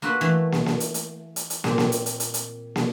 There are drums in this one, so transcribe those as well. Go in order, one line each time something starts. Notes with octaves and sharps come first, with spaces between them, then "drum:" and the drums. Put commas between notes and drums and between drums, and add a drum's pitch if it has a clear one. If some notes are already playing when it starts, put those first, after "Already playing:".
A#3 F4 F#4 A4 B4
E3 A3
drum: snare
drum: snare
drum: hi-hat
drum: hi-hat
drum: hi-hat
drum: hi-hat
A#2 C4, drum: snare
drum: snare
drum: hi-hat
drum: hi-hat
drum: hi-hat
drum: hi-hat
drum: snare